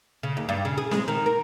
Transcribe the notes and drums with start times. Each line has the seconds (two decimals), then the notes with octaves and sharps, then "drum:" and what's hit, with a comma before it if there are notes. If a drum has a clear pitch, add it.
0.23 C#3
0.37 D#2
0.49 G2
0.65 C#3
0.78 G#4
0.91 G#3, drum: snare C4
1.08 D#3
1.26 A#4